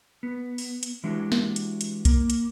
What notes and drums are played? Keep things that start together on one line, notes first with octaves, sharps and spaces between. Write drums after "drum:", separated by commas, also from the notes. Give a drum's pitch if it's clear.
B3
drum: open hi-hat
drum: hi-hat
E3 G#3 D4 F#4 G4
drum: snare
drum: hi-hat
drum: hi-hat
A#3, drum: kick B1, hi-hat
drum: hi-hat